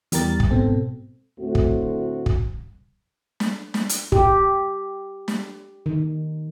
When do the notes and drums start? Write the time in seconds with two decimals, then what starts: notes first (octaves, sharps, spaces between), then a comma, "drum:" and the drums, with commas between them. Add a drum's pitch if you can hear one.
0.12 E2 G3 G4 A#4 A6, drum: hi-hat
0.40 drum: kick
0.51 G#2 B2 C4 A4
1.39 D2 A2 A3 C4 F#4
1.55 drum: kick
2.26 drum: kick
3.40 drum: snare
3.74 drum: snare
3.89 drum: hi-hat
4.12 G4, drum: kick
5.28 drum: snare
5.86 D#3